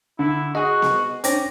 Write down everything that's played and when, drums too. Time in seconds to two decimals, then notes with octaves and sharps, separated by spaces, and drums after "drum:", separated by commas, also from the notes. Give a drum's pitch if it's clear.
0.19 D3 E4
0.55 F#4 G#4 D#5 F#5 D#6
0.82 drum: snare B3
1.24 C#4 D4 C5 D5 G5 A#6, drum: hi-hat